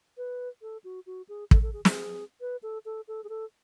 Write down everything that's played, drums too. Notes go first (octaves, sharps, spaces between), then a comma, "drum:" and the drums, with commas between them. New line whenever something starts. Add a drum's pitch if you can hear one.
B4
A4
F#4
F#4
G#4
A4, drum: kick
A4
G#4
G#4, drum: snare
B4
A4
A4
A4
G#4
A4